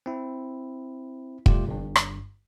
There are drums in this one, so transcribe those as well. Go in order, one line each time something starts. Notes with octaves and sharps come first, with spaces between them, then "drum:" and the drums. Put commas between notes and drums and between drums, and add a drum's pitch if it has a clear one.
C4 E4
G3 A3 F4 G4, drum: kick
G1 G2
drum: rim click